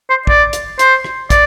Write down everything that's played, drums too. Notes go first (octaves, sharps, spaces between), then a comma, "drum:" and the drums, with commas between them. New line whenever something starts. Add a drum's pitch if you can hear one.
C5
D5, drum: kick
drum: hi-hat
C5, drum: hi-hat
drum: rim click
D5, drum: kick, hi-hat